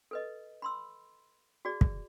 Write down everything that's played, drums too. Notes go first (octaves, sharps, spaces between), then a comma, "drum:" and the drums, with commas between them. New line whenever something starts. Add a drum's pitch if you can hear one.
A4 B4 D#5
B5 C6 E6
F#4 G#4 D5
drum: kick